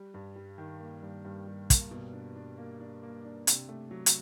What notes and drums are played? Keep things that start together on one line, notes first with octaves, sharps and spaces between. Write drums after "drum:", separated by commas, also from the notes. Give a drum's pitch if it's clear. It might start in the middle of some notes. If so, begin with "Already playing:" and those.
Already playing: G3
G2
G3
D#3
A#3
G2
G2
G3
A#3, drum: kick, hi-hat
B2
D4
D4
A#3
D4
A#3
D4
C3, drum: hi-hat
A3
F#3
drum: hi-hat